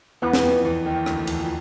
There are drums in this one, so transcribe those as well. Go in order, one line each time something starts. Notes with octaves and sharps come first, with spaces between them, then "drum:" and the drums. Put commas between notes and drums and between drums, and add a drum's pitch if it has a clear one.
E2 E3 B3
drum: snare
F2 F3
E2 E3
D#2 D#3
D2 D3, drum: rim click
E2 E3, drum: cymbal
F3